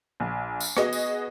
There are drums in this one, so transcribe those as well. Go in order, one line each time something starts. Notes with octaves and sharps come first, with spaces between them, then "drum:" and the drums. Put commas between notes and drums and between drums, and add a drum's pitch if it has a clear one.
A#1
drum: tambourine
B3 F#4 G#4 D#5, drum: rim click
drum: tambourine